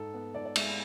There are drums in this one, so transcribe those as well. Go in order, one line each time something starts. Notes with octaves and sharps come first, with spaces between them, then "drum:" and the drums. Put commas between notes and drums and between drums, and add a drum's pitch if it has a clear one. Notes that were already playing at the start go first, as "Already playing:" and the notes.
Already playing: G#2 A4
B3
G#2 D5
D5
G#3 E5, drum: cymbal